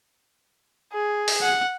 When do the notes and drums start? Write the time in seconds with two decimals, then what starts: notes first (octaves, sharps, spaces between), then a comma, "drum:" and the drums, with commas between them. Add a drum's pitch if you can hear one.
0.93 G#4
1.28 drum: open hi-hat
1.42 F#5